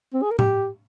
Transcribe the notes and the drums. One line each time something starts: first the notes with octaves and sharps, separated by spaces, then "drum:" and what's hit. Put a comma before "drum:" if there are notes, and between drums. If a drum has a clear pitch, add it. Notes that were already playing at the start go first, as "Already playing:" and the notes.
C4
G#4
A#4
G4, drum: tom A2